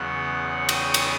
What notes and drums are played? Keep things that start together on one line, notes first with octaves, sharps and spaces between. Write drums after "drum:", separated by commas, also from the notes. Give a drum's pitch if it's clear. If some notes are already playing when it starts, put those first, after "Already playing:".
Already playing: E2 C#3 F#3 B3 F#5
G5, drum: cymbal
drum: cymbal